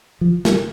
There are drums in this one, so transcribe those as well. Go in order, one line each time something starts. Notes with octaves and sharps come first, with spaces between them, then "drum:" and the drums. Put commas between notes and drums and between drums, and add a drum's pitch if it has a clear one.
F3
G3, drum: snare